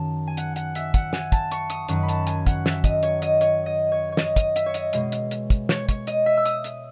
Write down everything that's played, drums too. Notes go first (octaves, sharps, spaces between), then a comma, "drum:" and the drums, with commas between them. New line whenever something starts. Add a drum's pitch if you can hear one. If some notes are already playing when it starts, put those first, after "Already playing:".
Already playing: F#2 D#3 A5
G#5
F#5, drum: hi-hat
F#5, drum: hi-hat
E5, drum: hi-hat
F#5, drum: kick, hi-hat
G#5, drum: snare
A5, drum: kick, hi-hat
C#6, drum: hi-hat
D#6, drum: hi-hat
F#2 D#3 F#3 C#6, drum: hi-hat
B5
A5, drum: hi-hat
G#5, drum: hi-hat
F#5, drum: kick, hi-hat
E5, drum: snare
D#5, drum: kick, hi-hat
C#5, drum: hi-hat
D#5, drum: hi-hat
C#5, drum: hi-hat
D#5
C#5
C#5
D#5, drum: snare
D#5, drum: kick, hi-hat
E5, drum: hi-hat
C#5
D#5, drum: hi-hat
B2 G#3, drum: hi-hat
drum: hi-hat
drum: hi-hat
drum: kick, hi-hat
C#5, drum: snare
C#5, drum: kick, hi-hat
D#5, drum: hi-hat
E5
E6
D#6, drum: hi-hat
drum: hi-hat